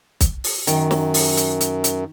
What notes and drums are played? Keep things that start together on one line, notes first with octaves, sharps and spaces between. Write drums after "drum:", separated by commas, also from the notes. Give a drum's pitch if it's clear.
drum: kick, hi-hat
drum: open hi-hat
F#2 D#3, drum: hi-hat
drum: snare
drum: open hi-hat
drum: hi-hat
drum: hi-hat
drum: hi-hat